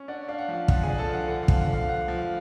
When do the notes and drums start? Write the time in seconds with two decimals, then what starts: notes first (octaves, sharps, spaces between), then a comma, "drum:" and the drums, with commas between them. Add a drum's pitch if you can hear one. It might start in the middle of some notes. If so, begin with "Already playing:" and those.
Already playing: C#4
0.08 D4 F#5
0.28 D4 F5
0.38 F#5
0.48 F3 F5
0.68 F3 F#5, drum: kick
0.83 D4 G#4 G#5
0.98 A4 A5
1.07 F3 F5
1.13 F#5
1.28 D3 F#5
1.43 F5
1.48 F3, drum: kick
1.59 F#5
1.68 D3
1.73 F5
1.88 F3 F#5
2.08 F3
2.18 F5